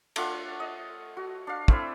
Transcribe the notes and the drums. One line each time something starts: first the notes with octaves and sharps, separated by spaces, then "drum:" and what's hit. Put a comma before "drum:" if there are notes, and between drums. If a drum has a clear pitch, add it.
A3 D4 F4 F#5, drum: cymbal
D#5
F#4
D4 F5
A3 C4 D4 E4, drum: kick